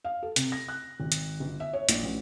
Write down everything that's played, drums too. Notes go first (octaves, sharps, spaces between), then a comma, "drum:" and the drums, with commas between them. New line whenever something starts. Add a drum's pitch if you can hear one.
F5
A4
C3, drum: hi-hat
A#6
F#6
G#1
drum: hi-hat
G1
E5
C#5
A#1, drum: hi-hat
A1